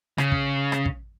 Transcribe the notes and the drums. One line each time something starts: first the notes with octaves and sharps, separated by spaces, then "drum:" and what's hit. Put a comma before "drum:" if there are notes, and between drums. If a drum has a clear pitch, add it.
C#3, drum: rim click
drum: kick
drum: rim click
drum: kick